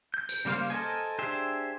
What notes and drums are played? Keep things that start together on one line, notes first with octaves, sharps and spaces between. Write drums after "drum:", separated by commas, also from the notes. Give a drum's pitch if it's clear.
G6
drum: tambourine
C#3 G3 A#3 C5 F5
A4 A#4 C5 D#5 G#5
D4 G4 G#4 C5 E5